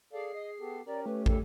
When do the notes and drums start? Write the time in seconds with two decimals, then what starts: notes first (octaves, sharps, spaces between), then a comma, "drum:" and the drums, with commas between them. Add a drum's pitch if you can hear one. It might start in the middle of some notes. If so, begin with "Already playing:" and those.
0.13 G#4 A4 D5 F5 C7
0.35 D#5
0.60 B3 G4 A4
0.86 C#4 G4 A#4 D5
1.06 A3 B4
1.26 A4, drum: kick